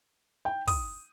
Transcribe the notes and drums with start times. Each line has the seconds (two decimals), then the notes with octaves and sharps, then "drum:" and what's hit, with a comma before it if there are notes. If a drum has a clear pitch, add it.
0.45 G5
0.67 D#6, drum: kick, open hi-hat